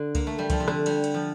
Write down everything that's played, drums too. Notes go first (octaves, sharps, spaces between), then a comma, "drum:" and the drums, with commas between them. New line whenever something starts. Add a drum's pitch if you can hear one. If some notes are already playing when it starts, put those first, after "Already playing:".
Already playing: D3
A#3, drum: kick C#2, cymbal
A3
G3
F3, drum: kick C#2, cymbal
C3
D3, drum: rim click
G3, drum: cymbal
drum: cymbal
F3